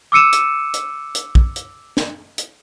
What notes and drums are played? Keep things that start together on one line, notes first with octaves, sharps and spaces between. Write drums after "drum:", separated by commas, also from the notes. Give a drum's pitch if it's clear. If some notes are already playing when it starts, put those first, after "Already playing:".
D6 E6 C#7 D#7 E7
drum: hi-hat
drum: hi-hat
drum: hi-hat
drum: kick
drum: hi-hat
drum: snare
drum: hi-hat